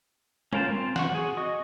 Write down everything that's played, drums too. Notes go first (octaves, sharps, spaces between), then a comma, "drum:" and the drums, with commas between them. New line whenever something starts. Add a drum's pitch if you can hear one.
C#4 F4 A#4 C5 A5, drum: tom G3
C4 C5
F#5 C#6, drum: snare
F#4 G#4
D#5 C#6 D#6